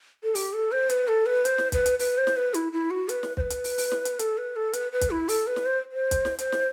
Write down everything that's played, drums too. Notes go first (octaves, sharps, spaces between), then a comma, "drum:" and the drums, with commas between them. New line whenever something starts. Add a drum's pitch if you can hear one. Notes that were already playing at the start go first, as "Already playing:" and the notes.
A4
G4, drum: open hi-hat
A4
C5
B4, drum: hi-hat
A4
B4
C5, drum: hi-hat
drum: snare
B4, drum: kick, hi-hat
drum: hi-hat
B4, drum: open hi-hat
C5
drum: snare
B4
E4, drum: hi-hat
E4
F#4
B4, drum: hi-hat
drum: snare
C5, drum: kick
B4
drum: hi-hat
drum: open hi-hat
drum: open hi-hat
drum: snare
drum: hi-hat
A4, drum: hi-hat
B4
A4
B4, drum: hi-hat
B4
drum: kick, hi-hat
E4
A4, drum: open hi-hat
B4
drum: snare
C5
C5
drum: kick, hi-hat
drum: snare
C5, drum: hi-hat
drum: snare